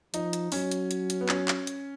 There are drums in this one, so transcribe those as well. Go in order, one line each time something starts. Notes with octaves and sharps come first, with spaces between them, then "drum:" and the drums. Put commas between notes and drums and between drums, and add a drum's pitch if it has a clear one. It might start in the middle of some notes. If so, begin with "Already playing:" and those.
F3 D#4, drum: hi-hat
drum: hi-hat
F#3 C#4, drum: open hi-hat
drum: hi-hat
drum: hi-hat
drum: hi-hat
B3
C#4, drum: clap
drum: clap
drum: hi-hat